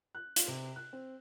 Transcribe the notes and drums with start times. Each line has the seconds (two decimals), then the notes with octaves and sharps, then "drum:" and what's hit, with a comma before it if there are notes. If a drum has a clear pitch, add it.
0.15 F#6
0.36 F4, drum: hi-hat
0.48 C3
0.76 F#6
0.93 C4